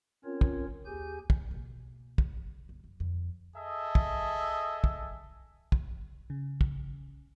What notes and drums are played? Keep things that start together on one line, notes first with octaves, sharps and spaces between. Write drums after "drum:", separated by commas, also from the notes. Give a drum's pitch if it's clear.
C4 C#4 F4 A#4 C#5
drum: kick
D#2 G4 G#4 G#5 G6
drum: kick
B2 A#3
drum: kick
F#1
F#2
F2 D3
G#4 A4 D#5 E5
drum: kick
drum: kick
drum: kick
C#3
drum: kick